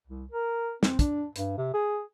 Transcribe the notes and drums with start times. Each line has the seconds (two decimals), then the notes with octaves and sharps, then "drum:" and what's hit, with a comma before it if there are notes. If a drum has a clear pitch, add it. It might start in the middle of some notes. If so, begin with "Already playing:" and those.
0.07 C2
0.32 A#4
0.83 C4, drum: snare
0.99 D4, drum: kick, hi-hat
1.36 G2, drum: hi-hat
1.58 C3
1.74 G#4